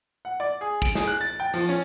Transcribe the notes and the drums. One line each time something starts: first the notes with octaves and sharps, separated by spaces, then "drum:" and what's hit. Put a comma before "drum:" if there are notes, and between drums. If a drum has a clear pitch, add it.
F#5
D5
G#4
D7, drum: kick
G#4, drum: snare
F#6
A6
G5
F3, drum: open hi-hat
C#4